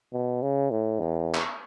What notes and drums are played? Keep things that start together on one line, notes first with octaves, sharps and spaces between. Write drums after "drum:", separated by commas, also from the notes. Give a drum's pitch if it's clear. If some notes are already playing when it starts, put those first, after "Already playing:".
B2
C#3
A2
E2
drum: clap